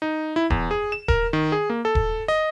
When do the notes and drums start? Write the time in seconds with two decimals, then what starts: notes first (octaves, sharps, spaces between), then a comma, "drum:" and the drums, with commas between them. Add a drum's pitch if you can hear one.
0.02 D#4
0.36 E4
0.50 E2, drum: kick D#1
0.71 G#4
0.92 E7
1.08 A#4, drum: kick D#1
1.33 D#3
1.52 G#4
1.70 A#3
1.85 A4
1.95 drum: kick D#1
2.28 D#5